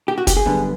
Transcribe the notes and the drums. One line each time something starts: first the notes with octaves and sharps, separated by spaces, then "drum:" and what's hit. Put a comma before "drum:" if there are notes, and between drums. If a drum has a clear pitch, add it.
G4
F#4
G4, drum: kick, hi-hat
G#4
F#2 D3 G3 B3